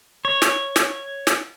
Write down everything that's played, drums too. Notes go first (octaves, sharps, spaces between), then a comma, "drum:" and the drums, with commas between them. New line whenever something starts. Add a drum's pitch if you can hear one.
C#5
drum: snare
drum: snare
drum: snare